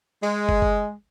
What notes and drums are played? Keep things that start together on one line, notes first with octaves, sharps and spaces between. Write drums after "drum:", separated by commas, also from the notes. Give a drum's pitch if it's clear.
G#3, drum: open hi-hat
drum: kick
drum: kick